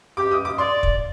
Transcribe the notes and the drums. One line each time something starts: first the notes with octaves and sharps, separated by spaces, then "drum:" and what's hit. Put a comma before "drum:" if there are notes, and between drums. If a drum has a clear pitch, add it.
G4 D6
D#6
D6
D5 C6
drum: kick